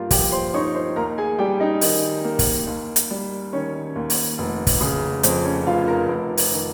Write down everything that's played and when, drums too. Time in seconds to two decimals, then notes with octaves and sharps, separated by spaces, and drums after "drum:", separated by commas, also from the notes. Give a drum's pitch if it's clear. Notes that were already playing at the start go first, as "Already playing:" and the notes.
Already playing: G2 A#3 F4 G4 F5
0.11 F3 G4 G5, drum: kick, open hi-hat
0.32 C5 C6
0.54 D#4 C#5 C#6
0.75 C5 C6
0.96 D#2 A#4 A#5
1.18 G#4 G#5
1.39 G3 G4 G5
1.60 D#4 D#5
1.81 D#3, drum: open hi-hat
2.25 A#3
2.39 drum: kick, open hi-hat
2.67 D#2
2.96 drum: hi-hat
3.10 G3
3.53 D#3 C#4 C#5
3.95 D#2
4.10 drum: open hi-hat
4.38 F1
4.67 drum: kick, open hi-hat
4.81 C#3
5.23 F2 C5, drum: hi-hat
5.45 C#4 C#5
5.66 F1 F4 F5
5.88 A#4 A#5
6.08 F1
6.37 drum: open hi-hat
6.52 D#3